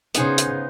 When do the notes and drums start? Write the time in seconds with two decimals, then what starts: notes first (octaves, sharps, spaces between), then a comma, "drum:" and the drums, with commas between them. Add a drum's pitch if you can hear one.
0.15 C#3 B3 D#4 G#4 C5, drum: hi-hat
0.38 drum: hi-hat